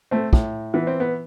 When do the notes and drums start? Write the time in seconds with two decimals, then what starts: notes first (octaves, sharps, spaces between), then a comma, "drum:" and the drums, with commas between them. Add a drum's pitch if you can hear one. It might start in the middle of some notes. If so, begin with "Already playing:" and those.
0.11 A3 C4
0.33 A2, drum: kick
0.74 E3 B3
0.87 C4
1.00 B3